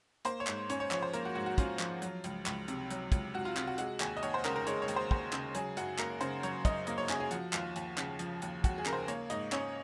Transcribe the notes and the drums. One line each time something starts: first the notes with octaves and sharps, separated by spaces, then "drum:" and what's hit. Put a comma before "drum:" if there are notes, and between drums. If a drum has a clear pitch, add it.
A#3 C5, drum: hi-hat
C#5
G#2, drum: clap
C#4 C#5, drum: hi-hat
C#5
F3 C#5, drum: clap
C5
A#3 A#4, drum: hi-hat
F#4
G#2 F#4
F#4
C#4 F4, drum: kick, hi-hat
F3, drum: clap
F#3, drum: hi-hat
C#2, drum: hi-hat
C#2, drum: clap
C3, drum: hi-hat
F#3, drum: hi-hat
C#2, drum: kick, hi-hat
C#2 F#4
F4
C3 F4, drum: clap
F#4
G#3 F#4, drum: hi-hat
D#2 G#4, drum: clap
D#5
D#2 C#5, drum: hi-hat
C5
C#3 A#4, drum: clap
A#4
G#3 C#5, drum: hi-hat
C#5
D#2, drum: hi-hat
C5
D#2 C5, drum: kick
C#3, drum: clap
F#3 G#4, drum: hi-hat
F#2 F#4, drum: hi-hat
A#3 A#4, drum: clap
C#3 C5, drum: hi-hat
F#3 C#5, drum: hi-hat
F#2 D#5, drum: kick, hi-hat
A#3 D#5, drum: hi-hat
C#5
C#3 G#4, drum: clap
G#4
F3 F#4, drum: hi-hat
D#2 F4, drum: clap
D#2, drum: hi-hat
C#3, drum: clap
F3, drum: hi-hat
D#2, drum: hi-hat
D#2 F#4, drum: kick, hi-hat
G#4
C#3 A#4, drum: clap
C5
A#3 C#5, drum: hi-hat
G#2 D#5, drum: hi-hat
C#4 C#5, drum: clap